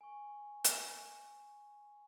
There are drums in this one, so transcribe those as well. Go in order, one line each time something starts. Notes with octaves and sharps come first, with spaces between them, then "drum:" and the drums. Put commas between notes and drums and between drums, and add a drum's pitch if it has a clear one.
G#5 C#6
drum: hi-hat